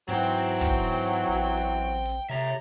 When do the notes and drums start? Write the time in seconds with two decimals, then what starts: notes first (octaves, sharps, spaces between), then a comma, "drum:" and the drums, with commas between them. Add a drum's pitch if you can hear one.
0.09 G#2 E3 F#3 C4 G5
0.61 drum: kick, hi-hat
1.09 drum: hi-hat
1.29 A1 G5
1.57 drum: hi-hat
2.06 drum: hi-hat
2.30 C3 C#5 E5 A#5